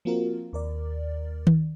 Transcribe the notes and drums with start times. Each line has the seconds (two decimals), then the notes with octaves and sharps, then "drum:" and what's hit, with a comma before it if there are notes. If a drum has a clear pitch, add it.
0.05 F3 A#3 C4 F4 F#4 A#4
0.53 D#2 A#4 D5
1.47 drum: tom D#3